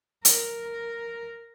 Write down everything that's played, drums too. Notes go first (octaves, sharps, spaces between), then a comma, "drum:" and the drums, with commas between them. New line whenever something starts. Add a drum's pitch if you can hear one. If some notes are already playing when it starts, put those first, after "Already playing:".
A#4, drum: hi-hat